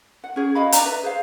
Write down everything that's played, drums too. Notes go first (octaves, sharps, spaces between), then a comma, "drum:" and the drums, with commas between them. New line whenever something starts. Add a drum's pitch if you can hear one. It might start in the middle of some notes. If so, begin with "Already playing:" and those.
F#5
C#4 G#4
F#4 D#5 F5 B5
D4 D#4 D5 A#5, drum: hi-hat
B4 E5
G#4 C5 F5